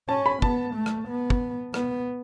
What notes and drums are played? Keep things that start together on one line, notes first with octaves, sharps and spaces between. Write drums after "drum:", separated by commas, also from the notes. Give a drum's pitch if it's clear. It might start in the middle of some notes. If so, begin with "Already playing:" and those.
C#4 A5
B5
B3 A5, drum: kick
A3
drum: rim click
B3
drum: kick
B3, drum: rim click